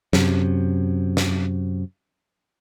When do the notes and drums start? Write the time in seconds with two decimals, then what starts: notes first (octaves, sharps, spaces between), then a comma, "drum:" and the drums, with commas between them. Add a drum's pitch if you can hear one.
0.13 F#2 C3, drum: snare
1.17 drum: snare